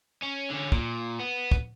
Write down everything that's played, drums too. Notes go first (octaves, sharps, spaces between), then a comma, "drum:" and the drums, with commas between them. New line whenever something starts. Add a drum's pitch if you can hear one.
C#4
D3 C#4
A#2, drum: kick
B3
drum: kick